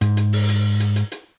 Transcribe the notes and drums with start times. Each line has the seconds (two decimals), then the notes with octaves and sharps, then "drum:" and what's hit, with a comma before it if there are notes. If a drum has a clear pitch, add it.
0.01 G#2, drum: hi-hat
0.17 drum: hi-hat
0.33 drum: open hi-hat
0.49 drum: hi-hat
0.80 drum: hi-hat
0.96 drum: hi-hat
1.12 drum: hi-hat